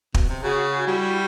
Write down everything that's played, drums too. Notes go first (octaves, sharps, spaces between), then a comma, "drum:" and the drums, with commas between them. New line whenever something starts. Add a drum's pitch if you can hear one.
B2, drum: kick
C3
C#3 F#4 G#4
G3 E4 F#4